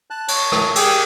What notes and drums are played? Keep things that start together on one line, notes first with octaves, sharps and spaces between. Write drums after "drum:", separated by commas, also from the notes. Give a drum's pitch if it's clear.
A5 F#6
C#5 A5, drum: cymbal
drum: rim click
G4 G#4 D6 E6, drum: cymbal